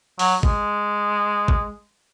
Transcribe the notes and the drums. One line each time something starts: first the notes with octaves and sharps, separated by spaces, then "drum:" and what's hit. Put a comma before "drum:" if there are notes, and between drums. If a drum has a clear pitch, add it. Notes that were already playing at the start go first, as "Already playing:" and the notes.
F#3, drum: open hi-hat
G#3, drum: kick
drum: kick